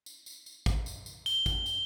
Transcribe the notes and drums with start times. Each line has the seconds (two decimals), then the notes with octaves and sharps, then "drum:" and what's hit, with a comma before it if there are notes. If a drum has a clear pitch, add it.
0.06 drum: tambourine
0.26 drum: tambourine
0.46 drum: tambourine
0.66 drum: kick, tambourine
0.86 drum: tambourine
1.06 drum: tambourine
1.26 G7, drum: tambourine
1.46 drum: kick, tambourine
1.66 drum: tambourine